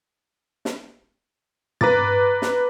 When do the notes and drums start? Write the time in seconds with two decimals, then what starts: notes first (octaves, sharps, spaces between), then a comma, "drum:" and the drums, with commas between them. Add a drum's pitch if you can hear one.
0.65 drum: snare
1.81 B4 A#5 D6 A6, drum: tom
2.42 drum: snare